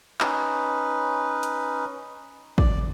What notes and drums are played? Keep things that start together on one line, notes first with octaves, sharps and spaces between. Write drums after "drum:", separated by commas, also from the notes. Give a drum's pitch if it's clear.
C#4 D#4 B4, drum: clap
drum: hi-hat
D5, drum: kick